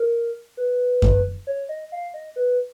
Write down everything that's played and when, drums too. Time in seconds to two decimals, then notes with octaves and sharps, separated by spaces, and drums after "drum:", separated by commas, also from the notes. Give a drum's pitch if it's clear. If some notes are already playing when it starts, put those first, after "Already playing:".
Already playing: A#4
0.57 B4
1.02 drum: kick F#2
1.47 C#5
1.69 D#5
1.92 F5
2.14 D#5
2.36 B4